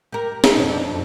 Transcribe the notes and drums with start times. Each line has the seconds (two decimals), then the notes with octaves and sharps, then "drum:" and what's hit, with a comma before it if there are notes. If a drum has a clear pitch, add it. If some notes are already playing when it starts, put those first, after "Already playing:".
0.12 G4 A#4
0.44 D#4, drum: snare
0.56 F2 B2
0.69 D4
0.91 F#2